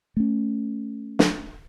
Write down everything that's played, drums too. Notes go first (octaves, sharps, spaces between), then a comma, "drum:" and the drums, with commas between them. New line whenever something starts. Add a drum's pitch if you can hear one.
A3 C#4
drum: snare